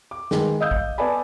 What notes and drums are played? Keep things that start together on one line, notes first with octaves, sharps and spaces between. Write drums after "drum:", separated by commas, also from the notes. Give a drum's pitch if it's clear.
D6
D#3 G#3 B4, drum: snare
D#5 F5 D#6 E6 G6
drum: kick
B3 B4 D5 G#5 A5 B5